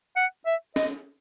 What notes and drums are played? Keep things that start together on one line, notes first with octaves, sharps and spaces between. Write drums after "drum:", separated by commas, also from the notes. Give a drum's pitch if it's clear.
F#5
E5
D#5, drum: snare C#4